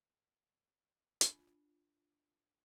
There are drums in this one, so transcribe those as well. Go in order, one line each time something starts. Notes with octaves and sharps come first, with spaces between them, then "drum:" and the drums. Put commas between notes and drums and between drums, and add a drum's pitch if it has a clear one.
D4 F4, drum: hi-hat